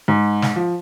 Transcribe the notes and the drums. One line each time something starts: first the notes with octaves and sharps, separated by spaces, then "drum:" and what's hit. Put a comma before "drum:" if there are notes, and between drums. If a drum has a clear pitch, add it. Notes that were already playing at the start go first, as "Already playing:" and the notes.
G#2
drum: snare
F3